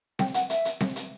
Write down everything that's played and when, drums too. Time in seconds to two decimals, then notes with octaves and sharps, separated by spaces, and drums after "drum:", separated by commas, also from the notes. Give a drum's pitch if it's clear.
0.19 G5, drum: snare C4
0.34 F#5, drum: hi-hat
0.50 E5, drum: hi-hat
0.65 drum: hi-hat
0.81 drum: snare C4
0.96 drum: hi-hat